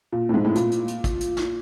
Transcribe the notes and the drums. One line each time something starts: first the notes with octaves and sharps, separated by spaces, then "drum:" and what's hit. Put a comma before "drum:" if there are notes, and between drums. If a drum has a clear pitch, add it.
A#2
A2
G#2
A2
A#2, drum: hi-hat
drum: hi-hat
drum: hi-hat
drum: kick, hi-hat
drum: hi-hat
drum: snare